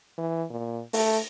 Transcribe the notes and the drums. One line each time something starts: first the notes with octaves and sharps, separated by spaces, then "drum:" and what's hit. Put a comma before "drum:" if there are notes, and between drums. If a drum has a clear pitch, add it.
E3
A#2
A3, drum: open hi-hat